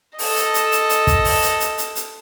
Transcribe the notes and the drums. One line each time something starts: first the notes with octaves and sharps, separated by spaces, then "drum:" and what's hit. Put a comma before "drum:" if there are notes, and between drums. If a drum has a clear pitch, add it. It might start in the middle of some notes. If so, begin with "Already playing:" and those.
A4 D#5, drum: open hi-hat
drum: hi-hat
drum: hi-hat
drum: hi-hat
drum: hi-hat
drum: kick, hi-hat
drum: open hi-hat
drum: hi-hat
drum: hi-hat
drum: hi-hat
drum: hi-hat